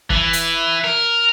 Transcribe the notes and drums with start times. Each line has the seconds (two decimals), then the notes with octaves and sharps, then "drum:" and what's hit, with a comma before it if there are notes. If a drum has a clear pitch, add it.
0.10 E3, drum: kick
0.33 drum: hi-hat
0.84 A#4